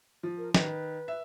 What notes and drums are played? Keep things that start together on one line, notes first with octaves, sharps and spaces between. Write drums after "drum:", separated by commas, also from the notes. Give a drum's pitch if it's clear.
F3
A#4
D#3 B4, drum: snare
E5